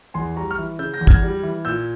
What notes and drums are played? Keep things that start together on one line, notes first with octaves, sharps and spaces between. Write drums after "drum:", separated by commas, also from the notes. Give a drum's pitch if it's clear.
E2 G#5 C6
G3 A#5 C#6
C#6 F6
E3
C#3 E6 G6
G6 A#6
E2
F6 G#6, drum: kick
G3
E3
A#2 E6 G6